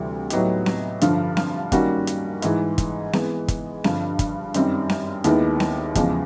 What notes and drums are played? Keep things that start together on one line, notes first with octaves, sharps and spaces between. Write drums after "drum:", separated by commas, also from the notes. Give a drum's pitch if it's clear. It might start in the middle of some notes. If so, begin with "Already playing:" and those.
Already playing: D2 C3 E3 G3
A2 F#3 B3 D#4 G4, drum: hi-hat
drum: snare C4
G2 D3 F3, drum: hi-hat
drum: snare C4
D#3 G3 A#3 C#4 F#4, drum: kick, hi-hat
drum: hi-hat
G#2 E3 G#3, drum: hi-hat
drum: kick, hi-hat
E3 G#3 B3, drum: snare C4
drum: kick, hi-hat
G2 D3 F3, drum: snare C4
drum: kick, hi-hat
F#2 D#3 G3 C4, drum: hi-hat
drum: snare C4
D#2 D#3 G#3 B3 E4, drum: hi-hat
drum: snare C4
E2 C#3 F3 G#3, drum: kick, hi-hat